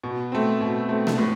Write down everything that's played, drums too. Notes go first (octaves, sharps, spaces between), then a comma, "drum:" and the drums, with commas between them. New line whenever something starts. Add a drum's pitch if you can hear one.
B2
A3 C4
B2
A3 C4
drum: snare A#3
A2